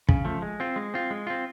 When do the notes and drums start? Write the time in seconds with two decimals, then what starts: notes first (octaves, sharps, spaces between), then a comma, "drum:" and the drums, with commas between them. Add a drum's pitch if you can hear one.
0.09 C#3, drum: kick
0.25 F3 A3
0.42 G#3
0.60 C4 F4
0.76 G#3
0.94 C4 F4
1.10 G#3
1.27 C4 F4